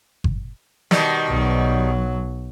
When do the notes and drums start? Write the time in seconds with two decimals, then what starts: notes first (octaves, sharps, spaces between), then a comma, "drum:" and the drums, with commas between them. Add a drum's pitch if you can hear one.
0.24 drum: kick G1
0.91 B2 D#3 G3, drum: snare
1.29 B1 F#3